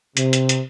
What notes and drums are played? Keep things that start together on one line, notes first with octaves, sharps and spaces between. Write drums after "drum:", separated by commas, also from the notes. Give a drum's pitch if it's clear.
C3, drum: hi-hat
drum: hi-hat
drum: hi-hat